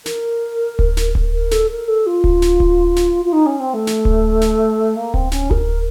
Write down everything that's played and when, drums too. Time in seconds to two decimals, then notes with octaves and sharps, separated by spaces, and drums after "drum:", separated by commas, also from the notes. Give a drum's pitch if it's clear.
0.06 A#4, drum: snare
0.79 drum: kick D1
0.97 drum: snare
1.15 drum: kick D1
1.33 A#4
1.51 A4, drum: snare
1.70 A#4
1.88 A4
2.06 F4
2.24 drum: kick D1
2.42 drum: snare
2.60 drum: kick D1
2.96 drum: snare
3.25 F4
3.33 D#4
3.46 C#4
3.60 C4
3.74 A3
3.87 drum: snare
4.05 drum: kick D1
4.41 drum: snare
4.96 A#3
5.14 C4, drum: kick D1
5.32 C#4, drum: snare
5.51 A#4, drum: kick D1